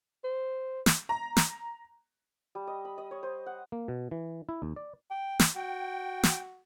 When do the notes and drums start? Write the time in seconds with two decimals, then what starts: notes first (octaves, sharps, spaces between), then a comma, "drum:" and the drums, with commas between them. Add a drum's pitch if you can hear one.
0.24 C5
0.86 drum: snare
1.09 A#5
1.37 drum: snare
2.55 G3
2.67 D#5
2.85 B5
2.98 D#5
3.11 C#5
3.23 C5
3.46 F#5
3.72 A#3
3.88 B2
4.11 E3
4.49 E4
4.62 D#2
4.76 D5
5.11 G5
5.39 drum: snare
5.56 F#4 G5
6.23 drum: snare